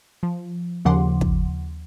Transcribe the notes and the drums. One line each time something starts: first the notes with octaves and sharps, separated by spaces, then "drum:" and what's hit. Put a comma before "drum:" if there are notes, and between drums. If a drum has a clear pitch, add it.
F3
D#2 C#3 F3 F#5 C6 D6
drum: kick